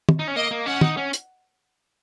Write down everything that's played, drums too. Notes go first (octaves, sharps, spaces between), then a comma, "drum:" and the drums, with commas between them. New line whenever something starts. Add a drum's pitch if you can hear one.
drum: tom
D#4
C#4
A#3 D#5
A#3
C#4 F#5
D#4, drum: tom
C#4
drum: hi-hat